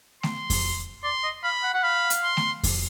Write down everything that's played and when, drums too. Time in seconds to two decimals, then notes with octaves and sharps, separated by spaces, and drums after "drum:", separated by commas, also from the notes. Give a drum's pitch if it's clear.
0.23 C6, drum: snare A3
0.50 drum: kick F2, open hi-hat
1.03 D5 C6
1.23 D#5
1.44 F5 B5
1.63 F#5
1.74 F#5
1.83 F5 B5
2.10 drum: hi-hat
2.24 C6
2.37 drum: snare A3
2.63 drum: kick F2, open hi-hat